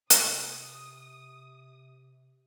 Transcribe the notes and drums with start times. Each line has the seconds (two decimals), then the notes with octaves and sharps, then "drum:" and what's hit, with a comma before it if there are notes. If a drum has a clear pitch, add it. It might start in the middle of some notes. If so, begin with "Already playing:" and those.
0.10 C3 D#6, drum: hi-hat